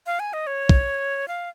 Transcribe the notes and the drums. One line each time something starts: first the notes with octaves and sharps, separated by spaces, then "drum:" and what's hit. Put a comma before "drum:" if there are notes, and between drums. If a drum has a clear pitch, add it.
F5
G#5
D#5
C#5
drum: kick
F5